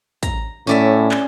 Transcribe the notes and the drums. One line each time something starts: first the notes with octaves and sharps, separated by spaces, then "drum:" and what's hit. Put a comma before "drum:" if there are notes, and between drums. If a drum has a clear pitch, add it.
A#5, drum: kick, hi-hat
A2 C#4 D5 E5
drum: clap